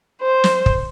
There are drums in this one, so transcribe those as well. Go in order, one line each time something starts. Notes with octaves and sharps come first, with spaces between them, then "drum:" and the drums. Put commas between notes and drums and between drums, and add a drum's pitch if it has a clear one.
C5
drum: snare
drum: kick